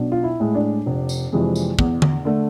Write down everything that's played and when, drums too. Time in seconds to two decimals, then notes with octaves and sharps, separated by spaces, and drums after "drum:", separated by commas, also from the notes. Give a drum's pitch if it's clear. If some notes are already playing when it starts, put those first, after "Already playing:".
Already playing: B1 D4
0.12 F4
0.24 E4
0.40 A2 G#3
0.55 D4
0.86 F1
1.09 drum: tambourine
1.32 F2 C3 E3 G#3
1.56 drum: tambourine
1.79 E2, drum: kick
2.02 drum: tom D3
2.25 D3 A3